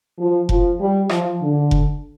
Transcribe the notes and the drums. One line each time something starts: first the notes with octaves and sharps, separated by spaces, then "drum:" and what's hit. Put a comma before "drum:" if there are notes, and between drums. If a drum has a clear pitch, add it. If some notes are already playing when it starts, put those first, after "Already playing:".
F3
F3, drum: kick F1
G3
F3, drum: rim click
D3
drum: kick F1